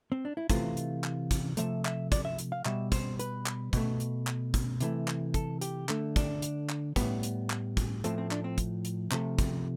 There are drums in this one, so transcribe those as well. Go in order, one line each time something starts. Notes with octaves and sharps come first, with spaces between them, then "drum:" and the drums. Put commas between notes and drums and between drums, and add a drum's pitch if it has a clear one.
C4
D4
E4
C3 E3 A3 F4, drum: kick, hi-hat
drum: hi-hat
drum: clap
drum: kick, hi-hat
C3 F3 A3 E5, drum: hi-hat
E5, drum: clap
D5, drum: kick, hi-hat
E5
drum: hi-hat
F5
B2 G3 E5, drum: clap
C5, drum: kick, hi-hat
B4, drum: hi-hat
drum: clap
B2 A3, drum: kick, hi-hat
drum: hi-hat
drum: clap
drum: kick, hi-hat
C3 E3 A3, drum: hi-hat
drum: clap
A4, drum: kick, hi-hat
G4, drum: hi-hat
D3 A3, drum: clap
D4, drum: kick, hi-hat
drum: hi-hat
drum: clap
A2 G3 B3, drum: kick, hi-hat
drum: hi-hat
drum: clap
drum: kick, hi-hat
A2 F3 A3 C4, drum: hi-hat
C4
D4, drum: clap
C4
drum: kick, hi-hat
drum: hi-hat
C3 F3 A3, drum: clap
drum: kick, hi-hat